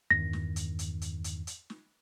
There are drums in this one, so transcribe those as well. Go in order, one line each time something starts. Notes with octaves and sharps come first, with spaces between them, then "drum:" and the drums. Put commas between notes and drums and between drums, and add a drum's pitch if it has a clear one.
E2 G2 D#3 A#6
drum: snare
drum: hi-hat
drum: hi-hat
drum: hi-hat
drum: hi-hat
drum: hi-hat
drum: snare